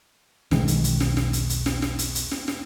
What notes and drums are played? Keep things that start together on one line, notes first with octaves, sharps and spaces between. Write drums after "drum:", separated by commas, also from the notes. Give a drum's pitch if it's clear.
B1 E2 D#3 G#3, drum: snare
drum: hi-hat
drum: hi-hat
drum: snare
drum: snare
drum: hi-hat
drum: hi-hat
drum: snare
drum: snare
drum: hi-hat
drum: hi-hat
drum: snare
drum: snare